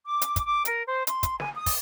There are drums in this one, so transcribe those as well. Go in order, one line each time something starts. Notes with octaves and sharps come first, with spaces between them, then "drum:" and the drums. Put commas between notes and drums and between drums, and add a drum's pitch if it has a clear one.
D6
drum: hi-hat
drum: kick, hi-hat
D6
A#4, drum: hi-hat
C5
C6, drum: hi-hat
drum: kick, hi-hat
G#5, drum: snare
D#6
drum: kick, open hi-hat